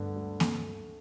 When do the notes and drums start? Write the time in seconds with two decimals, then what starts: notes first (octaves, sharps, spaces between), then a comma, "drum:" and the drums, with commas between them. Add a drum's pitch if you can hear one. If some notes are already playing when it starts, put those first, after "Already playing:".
Already playing: D2 G2 D3 B3
0.16 D2
0.40 A3, drum: snare A#3